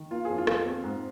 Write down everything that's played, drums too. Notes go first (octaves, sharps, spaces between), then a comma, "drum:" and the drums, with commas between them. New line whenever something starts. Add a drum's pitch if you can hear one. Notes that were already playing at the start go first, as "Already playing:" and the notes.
Already playing: D#3
A#3 F4
F2 G#4
F4
F3, drum: rim click
C4
G#2